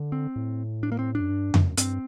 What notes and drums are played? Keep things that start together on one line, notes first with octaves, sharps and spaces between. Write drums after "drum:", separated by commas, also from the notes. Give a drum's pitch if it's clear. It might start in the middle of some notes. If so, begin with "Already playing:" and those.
Already playing: D3
C4
A2
D4
A#3
C4
D4
F#2
G2
F#2, drum: tom F2
G2 C4, drum: hi-hat